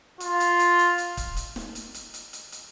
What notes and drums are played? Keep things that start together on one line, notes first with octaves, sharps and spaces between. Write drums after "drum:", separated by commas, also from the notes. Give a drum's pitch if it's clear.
F4, drum: hi-hat
drum: hi-hat
drum: hi-hat
drum: hi-hat
drum: hi-hat
drum: kick, hi-hat
drum: hi-hat
drum: snare
drum: hi-hat
drum: hi-hat
drum: hi-hat
drum: hi-hat
drum: hi-hat